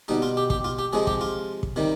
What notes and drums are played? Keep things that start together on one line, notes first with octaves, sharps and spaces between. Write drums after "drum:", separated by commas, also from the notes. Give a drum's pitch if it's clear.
B2 G3 D#4
F4
G4
G4, drum: kick
F4
G4
C3 F3 G#3 G#4
G4, drum: kick
F4
drum: kick
C3 D#3 G3